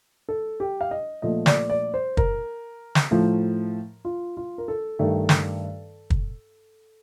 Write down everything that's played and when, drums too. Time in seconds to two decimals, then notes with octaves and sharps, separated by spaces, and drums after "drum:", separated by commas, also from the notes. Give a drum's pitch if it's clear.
0.29 A4
0.60 G4
0.81 F5
0.91 D#5
1.22 A#2 F3 A3 D#5
1.46 D5, drum: snare
1.70 D5
1.94 C5
2.17 A#4, drum: kick
2.95 drum: snare
3.11 A2 F3 A3
4.05 F4
4.37 F4
4.58 A#4
4.68 A4
4.99 G2 D#3 A3
5.29 drum: snare
6.10 drum: kick